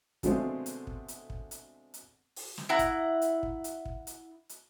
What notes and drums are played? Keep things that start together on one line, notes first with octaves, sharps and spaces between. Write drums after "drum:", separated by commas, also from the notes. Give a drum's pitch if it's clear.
B2 D3 F3 G#3 A3 C4, drum: kick, hi-hat
drum: hi-hat
drum: kick
drum: hi-hat
drum: kick
drum: hi-hat
drum: hi-hat
drum: open hi-hat
drum: snare
E4 F#5 A#5
drum: kick, hi-hat
drum: hi-hat
drum: kick
drum: hi-hat
drum: kick
drum: hi-hat
drum: hi-hat